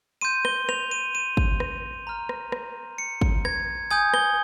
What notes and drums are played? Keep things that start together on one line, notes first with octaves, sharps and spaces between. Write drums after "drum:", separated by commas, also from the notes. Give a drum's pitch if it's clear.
C6 G6 D#7
G7, drum: rim click
F7, drum: rim click
D#7
D#7
drum: kick G#1
drum: rim click
A#5 F6
drum: rim click
drum: rim click
C#7
drum: kick G#1
G#6, drum: rim click
G#5 D#6 G6 G#6
G7, drum: rim click